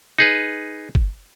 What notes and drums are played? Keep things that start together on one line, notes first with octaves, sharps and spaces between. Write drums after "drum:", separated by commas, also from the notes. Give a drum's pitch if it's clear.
D#4 G#4 B4
drum: kick G1